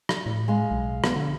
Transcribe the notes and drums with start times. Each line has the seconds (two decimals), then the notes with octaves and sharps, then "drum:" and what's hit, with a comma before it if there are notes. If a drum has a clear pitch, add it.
0.09 drum: rim click
0.26 A2
0.48 G#3 F5
0.71 B1
1.04 B3, drum: rim click
1.15 D3